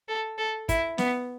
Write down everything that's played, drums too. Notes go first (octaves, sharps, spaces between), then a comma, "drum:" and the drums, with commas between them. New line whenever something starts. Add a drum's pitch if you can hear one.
A4
A4
E4, drum: kick, hi-hat
B3, drum: snare